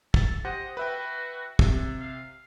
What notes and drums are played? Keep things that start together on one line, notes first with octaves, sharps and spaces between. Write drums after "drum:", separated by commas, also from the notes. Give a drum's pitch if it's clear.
A4, drum: kick
G4 C5 D#5 F#5
F#4 B4 E5 G5
C3, drum: kick
F5